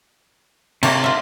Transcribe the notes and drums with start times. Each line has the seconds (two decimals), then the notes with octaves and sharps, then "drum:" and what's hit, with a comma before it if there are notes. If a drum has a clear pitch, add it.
0.83 C3 A3 A#3 C#5, drum: cymbal
1.04 F4 E5